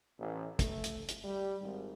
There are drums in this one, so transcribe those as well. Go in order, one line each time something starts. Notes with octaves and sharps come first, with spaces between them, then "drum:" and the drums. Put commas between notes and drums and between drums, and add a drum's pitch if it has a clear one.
A1
A3, drum: kick, hi-hat
drum: hi-hat
drum: hi-hat
G3
G#1